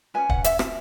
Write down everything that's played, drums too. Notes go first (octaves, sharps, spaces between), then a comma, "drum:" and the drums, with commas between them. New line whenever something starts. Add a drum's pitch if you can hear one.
C#4 G#4 B4 G#5
F#5, drum: kick
E5, drum: hi-hat
E5, drum: rim click